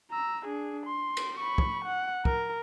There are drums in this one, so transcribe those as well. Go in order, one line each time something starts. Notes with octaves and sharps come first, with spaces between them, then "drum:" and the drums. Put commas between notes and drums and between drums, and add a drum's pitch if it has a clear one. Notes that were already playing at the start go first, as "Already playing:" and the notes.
A#5 E6
D4 G#4
C6
drum: cymbal
B5 C#6
drum: kick
F#5
A#4, drum: kick